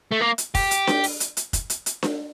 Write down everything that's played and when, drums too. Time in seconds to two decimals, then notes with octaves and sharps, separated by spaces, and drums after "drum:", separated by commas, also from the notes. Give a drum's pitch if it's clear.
0.12 A3
0.21 A#3
0.38 drum: hi-hat
0.55 G4, drum: kick, open hi-hat
0.71 drum: hi-hat
0.87 drum: snare D4
1.04 drum: open hi-hat
1.20 drum: hi-hat
1.37 drum: hi-hat
1.53 drum: kick, hi-hat
1.70 drum: hi-hat
1.86 drum: hi-hat
2.03 drum: snare D4